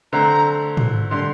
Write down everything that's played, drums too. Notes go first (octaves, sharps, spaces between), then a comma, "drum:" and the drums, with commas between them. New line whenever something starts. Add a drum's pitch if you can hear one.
D3 A3 C4 A#5
drum: tom
D3 G3 C6